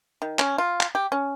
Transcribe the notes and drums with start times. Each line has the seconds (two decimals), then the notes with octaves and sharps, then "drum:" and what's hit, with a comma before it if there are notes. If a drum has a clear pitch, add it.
0.22 D#3
0.39 C#4, drum: clap
0.58 F4
0.81 drum: clap
0.95 G4
1.12 C#4